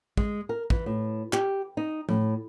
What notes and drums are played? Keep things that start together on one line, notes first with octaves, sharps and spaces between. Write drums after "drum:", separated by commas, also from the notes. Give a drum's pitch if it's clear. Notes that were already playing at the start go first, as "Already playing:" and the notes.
G#3, drum: kick
A#4
E3, drum: kick
A2
G4, drum: clap
D#4
A2, drum: tom F3